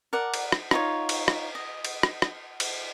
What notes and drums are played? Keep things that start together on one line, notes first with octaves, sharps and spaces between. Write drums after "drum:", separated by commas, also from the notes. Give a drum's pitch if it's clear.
A#4 D5 F#5
drum: cymbal
drum: rim click
D#4 F4 C#5, drum: rim click
drum: cymbal
drum: rim click
D#5
drum: cymbal
drum: rim click
drum: rim click
drum: cymbal